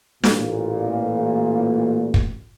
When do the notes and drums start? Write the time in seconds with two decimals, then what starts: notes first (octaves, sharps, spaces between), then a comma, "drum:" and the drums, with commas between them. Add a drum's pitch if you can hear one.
0.24 A1 A#2, drum: snare
2.14 drum: kick